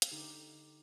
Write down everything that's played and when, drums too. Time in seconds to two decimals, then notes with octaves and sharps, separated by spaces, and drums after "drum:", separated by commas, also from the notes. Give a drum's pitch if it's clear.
0.02 drum: hi-hat
0.12 D3 D#4 G4